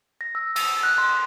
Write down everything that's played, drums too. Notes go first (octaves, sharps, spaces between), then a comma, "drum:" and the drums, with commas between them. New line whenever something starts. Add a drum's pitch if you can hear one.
A#6
E6
E6, drum: cymbal
F#6
C6